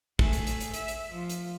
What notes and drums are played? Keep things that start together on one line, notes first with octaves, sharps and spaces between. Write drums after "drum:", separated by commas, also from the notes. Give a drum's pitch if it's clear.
A3 G#4, drum: kick
drum: hi-hat
drum: hi-hat
drum: hi-hat
E5, drum: hi-hat
drum: hi-hat
F3 F4
drum: hi-hat